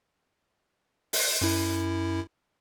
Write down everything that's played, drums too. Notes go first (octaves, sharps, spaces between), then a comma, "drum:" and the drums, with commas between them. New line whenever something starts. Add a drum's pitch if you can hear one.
drum: open hi-hat
F#2 E4